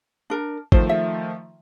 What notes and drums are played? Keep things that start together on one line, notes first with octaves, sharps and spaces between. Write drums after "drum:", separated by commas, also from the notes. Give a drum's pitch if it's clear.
D4 A#4
D#3 F3 A3 C5, drum: kick G#1
E5